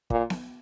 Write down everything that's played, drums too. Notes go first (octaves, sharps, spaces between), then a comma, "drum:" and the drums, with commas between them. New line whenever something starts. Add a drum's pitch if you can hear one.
A#2, drum: kick
drum: snare B3